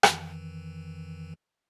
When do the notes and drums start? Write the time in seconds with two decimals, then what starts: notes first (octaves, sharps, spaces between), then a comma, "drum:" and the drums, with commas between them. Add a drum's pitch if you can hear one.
0.03 F2 D#3 E3, drum: rim click